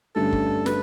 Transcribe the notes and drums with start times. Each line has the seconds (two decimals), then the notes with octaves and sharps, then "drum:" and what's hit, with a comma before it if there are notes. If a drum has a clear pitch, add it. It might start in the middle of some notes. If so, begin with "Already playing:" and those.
0.16 G2 D3 A3 C#4 G4 A4
0.33 drum: kick
0.66 B4, drum: snare